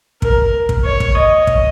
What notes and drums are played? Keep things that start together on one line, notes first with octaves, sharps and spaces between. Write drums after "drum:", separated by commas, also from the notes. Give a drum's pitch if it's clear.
A#4, drum: kick
drum: kick
C#5
drum: kick
D#5
drum: kick